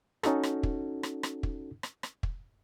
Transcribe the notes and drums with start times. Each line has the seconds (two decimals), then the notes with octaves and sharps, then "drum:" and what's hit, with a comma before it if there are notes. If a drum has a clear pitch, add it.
0.23 C#4 D#4 F#4 A4, drum: rim click
0.43 drum: rim click
0.63 drum: kick
1.03 drum: rim click
1.23 drum: rim click
1.43 drum: kick
1.83 drum: rim click
2.03 drum: rim click
2.23 drum: kick